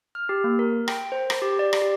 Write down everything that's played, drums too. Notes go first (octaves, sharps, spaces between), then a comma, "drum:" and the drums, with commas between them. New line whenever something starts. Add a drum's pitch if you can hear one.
F6
G4
A#3
A#4
G5, drum: rim click
C5
drum: rim click
G4
D5
drum: rim click
G4